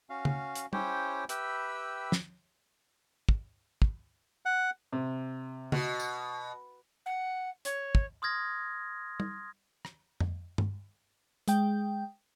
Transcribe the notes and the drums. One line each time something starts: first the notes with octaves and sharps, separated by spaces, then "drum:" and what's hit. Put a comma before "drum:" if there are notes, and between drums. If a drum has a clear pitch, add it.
C#4 F#4 F5
drum: tom C#3
drum: hi-hat
C#4 E4 G4 C5 C#5 G5, drum: tom
G4 B4 E5 G5 B5 E6, drum: hi-hat
drum: snare
drum: kick
drum: kick
F#5
C3
B2 F#4, drum: tom C#3
drum: tambourine
F#5
C#5, drum: hi-hat
drum: kick
C6 D#6 F6 G#6 A#6
drum: tom
drum: rim click
drum: tom F2
drum: tom G2
G#3 G5, drum: hi-hat